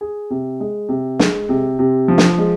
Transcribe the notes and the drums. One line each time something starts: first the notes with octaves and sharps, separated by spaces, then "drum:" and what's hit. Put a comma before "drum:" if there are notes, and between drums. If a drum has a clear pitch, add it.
G#4
C3
G#3
C3
G#3, drum: snare
C3
C3
F3
drum: snare
G#3